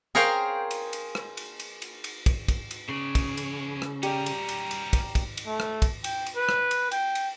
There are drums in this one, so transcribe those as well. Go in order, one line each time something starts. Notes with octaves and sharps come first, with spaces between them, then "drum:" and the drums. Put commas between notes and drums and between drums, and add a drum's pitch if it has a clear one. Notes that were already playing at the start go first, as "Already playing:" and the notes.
G#4 A#4 C5 C#5 F5 G5
drum: cymbal
drum: cymbal
drum: rim click
drum: cymbal
drum: cymbal
drum: cymbal
drum: cymbal
drum: kick, cymbal
drum: kick, cymbal
drum: cymbal
C#3 G#4 D5
drum: kick, cymbal
drum: cymbal
drum: rim click
G3 C#4 G4 D5 F5 A#5, drum: cymbal
drum: cymbal
drum: cymbal
drum: cymbal
drum: kick, cymbal
drum: kick, cymbal
drum: cymbal
A3
drum: rim click
drum: kick, cymbal
G5, drum: cymbal
drum: cymbal
B4
drum: rim click
drum: cymbal
G5, drum: cymbal
drum: cymbal